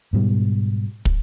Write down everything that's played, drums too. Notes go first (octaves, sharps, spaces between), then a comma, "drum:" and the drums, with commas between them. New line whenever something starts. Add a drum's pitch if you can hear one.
G#2 B2 G3
drum: kick